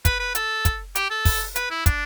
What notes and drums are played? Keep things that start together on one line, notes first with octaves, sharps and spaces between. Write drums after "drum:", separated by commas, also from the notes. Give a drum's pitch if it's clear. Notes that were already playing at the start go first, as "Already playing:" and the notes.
B4, drum: kick, hi-hat
B4
A4, drum: hi-hat
drum: kick, hi-hat
G4, drum: hi-hat
A4
drum: kick, open hi-hat
B4, drum: hi-hat
E4
D4, drum: kick, hi-hat